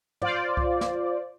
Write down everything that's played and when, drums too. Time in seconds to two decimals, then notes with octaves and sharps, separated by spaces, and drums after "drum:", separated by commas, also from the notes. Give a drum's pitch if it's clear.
0.22 F4 C5 D5, drum: tom
0.57 drum: kick C2
0.81 drum: snare